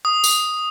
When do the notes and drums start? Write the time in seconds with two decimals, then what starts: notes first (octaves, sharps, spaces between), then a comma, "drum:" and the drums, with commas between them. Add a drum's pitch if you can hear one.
0.05 D#6
0.24 drum: tambourine